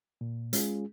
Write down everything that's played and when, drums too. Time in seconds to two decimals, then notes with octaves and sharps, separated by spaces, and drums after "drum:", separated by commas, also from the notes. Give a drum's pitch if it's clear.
0.21 A#2
0.53 G#3 C#4 F4 G#4, drum: hi-hat